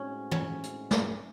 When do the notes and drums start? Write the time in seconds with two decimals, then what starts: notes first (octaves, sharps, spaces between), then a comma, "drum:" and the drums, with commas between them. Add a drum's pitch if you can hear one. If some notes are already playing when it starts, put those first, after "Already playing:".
Already playing: A2 G#3 C4 C#4 D#4 F#4
0.31 C#4, drum: tom
0.63 drum: hi-hat
0.91 drum: snare